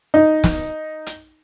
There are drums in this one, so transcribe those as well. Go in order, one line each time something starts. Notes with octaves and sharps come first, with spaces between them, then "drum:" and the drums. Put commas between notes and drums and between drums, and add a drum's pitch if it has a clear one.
D#4
drum: snare
drum: hi-hat